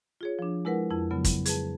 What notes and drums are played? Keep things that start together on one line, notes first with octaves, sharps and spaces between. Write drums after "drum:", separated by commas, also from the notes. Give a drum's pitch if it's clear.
F4 G#4 C#5
F3 D4
G#3 E4 A#4 B4 F#5
F2 E4 A5
C#3 F#3 B3
drum: kick, hi-hat
G#4 B4 A5, drum: hi-hat